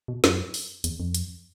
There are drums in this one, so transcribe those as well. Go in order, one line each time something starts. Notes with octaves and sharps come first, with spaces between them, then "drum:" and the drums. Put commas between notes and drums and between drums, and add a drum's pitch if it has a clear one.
B2
F#2, drum: snare
drum: open hi-hat
E2, drum: hi-hat
F2
drum: hi-hat